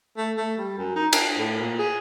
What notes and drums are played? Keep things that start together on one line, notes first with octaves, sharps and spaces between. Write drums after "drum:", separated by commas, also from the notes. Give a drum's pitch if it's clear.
A3
A3
G3
F#2
D#4
D4, drum: cymbal
A2
A#2
G#4